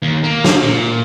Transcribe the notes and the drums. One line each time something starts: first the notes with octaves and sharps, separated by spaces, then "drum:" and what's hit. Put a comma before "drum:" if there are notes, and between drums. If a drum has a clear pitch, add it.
D#2
A#3
drum: snare
A#2